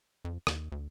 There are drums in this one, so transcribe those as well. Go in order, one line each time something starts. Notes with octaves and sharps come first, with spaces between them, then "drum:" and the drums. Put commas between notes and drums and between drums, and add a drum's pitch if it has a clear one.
F2
D#2, drum: rim click
D2